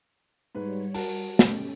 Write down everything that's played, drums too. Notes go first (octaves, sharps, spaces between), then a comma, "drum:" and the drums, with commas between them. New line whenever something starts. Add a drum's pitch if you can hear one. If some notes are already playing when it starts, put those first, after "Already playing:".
G#2 G3 B4 C#5
F#4 A#4 A5, drum: open hi-hat
C#4 G4 A4, drum: snare